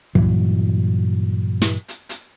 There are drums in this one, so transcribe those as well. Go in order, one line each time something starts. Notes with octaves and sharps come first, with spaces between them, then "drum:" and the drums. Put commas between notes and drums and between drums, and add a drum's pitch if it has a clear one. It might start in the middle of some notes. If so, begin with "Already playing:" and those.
G2 A#2 E3 F#3, drum: kick
drum: snare
drum: hi-hat
drum: hi-hat